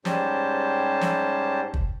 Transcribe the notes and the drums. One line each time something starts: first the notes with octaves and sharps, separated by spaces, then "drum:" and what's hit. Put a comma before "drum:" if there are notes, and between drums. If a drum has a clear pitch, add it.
G#2 G3 C#4 G4 C5 A5, drum: snare
drum: snare
drum: kick